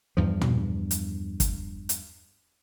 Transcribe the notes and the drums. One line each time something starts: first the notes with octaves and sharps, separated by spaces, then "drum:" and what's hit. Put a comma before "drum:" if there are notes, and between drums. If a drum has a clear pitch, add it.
E2 G2 F3
drum: tom
drum: hi-hat
drum: kick, hi-hat
drum: hi-hat